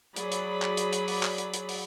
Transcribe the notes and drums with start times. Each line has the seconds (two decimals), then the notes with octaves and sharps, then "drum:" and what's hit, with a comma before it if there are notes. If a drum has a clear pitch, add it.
0.16 F#3 G#4 D5 B5, drum: hi-hat
0.32 drum: hi-hat
0.62 drum: clap
0.77 drum: hi-hat
0.93 drum: hi-hat
1.08 drum: open hi-hat
1.23 drum: clap
1.38 drum: hi-hat
1.54 drum: hi-hat
1.69 drum: open hi-hat